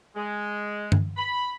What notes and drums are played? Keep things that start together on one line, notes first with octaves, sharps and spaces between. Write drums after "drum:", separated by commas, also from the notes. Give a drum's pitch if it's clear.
G#3
drum: tom G2
B5